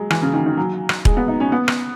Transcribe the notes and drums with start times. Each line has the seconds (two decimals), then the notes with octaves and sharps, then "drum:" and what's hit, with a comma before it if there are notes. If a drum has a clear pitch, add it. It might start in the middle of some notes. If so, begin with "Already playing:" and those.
Already playing: F#3 G#3
0.10 E3, drum: rim click
0.22 C#3
0.34 D#3
0.46 D#3
0.57 F#3
0.89 drum: rim click
1.05 G#3, drum: kick E1
1.17 B3
1.28 D#4
1.40 C#4
1.52 B3
1.68 drum: rim click